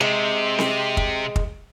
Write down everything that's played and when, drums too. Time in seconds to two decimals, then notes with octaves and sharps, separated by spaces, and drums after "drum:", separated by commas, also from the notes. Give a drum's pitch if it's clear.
0.01 C3 G#3
0.59 drum: snare C4
0.97 drum: kick
1.36 drum: kick